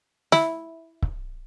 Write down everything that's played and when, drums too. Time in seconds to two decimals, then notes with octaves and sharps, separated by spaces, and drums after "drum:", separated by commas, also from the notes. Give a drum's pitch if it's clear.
0.32 E4, drum: snare
1.02 drum: kick C#1